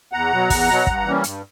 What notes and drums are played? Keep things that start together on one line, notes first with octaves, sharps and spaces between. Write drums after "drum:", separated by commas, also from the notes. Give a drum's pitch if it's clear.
E2 F#5 A#5
B2 F#3
E2, drum: kick, open hi-hat
B2 F#3
G2, drum: kick
E3 G3 A#3 C#4
G2, drum: hi-hat